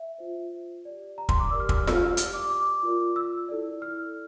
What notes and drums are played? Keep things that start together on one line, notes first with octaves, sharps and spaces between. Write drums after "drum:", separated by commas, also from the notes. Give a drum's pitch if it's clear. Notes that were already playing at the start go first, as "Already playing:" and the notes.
Already playing: E5
F4 C5
G4 D5
A#5
C6, drum: kick
D6
G4 A#4 D5 E6
F6
E6, drum: kick
F6
E6, drum: snare F4
F6
E6
G4 D5 F6, drum: hi-hat
D6
D6
F4 A#4 D5
E6
E4 A4 D5
F6